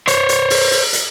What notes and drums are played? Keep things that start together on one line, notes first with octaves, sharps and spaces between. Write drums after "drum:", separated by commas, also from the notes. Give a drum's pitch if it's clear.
C5 C#5, drum: hi-hat
drum: hi-hat
drum: open hi-hat
drum: open hi-hat
drum: hi-hat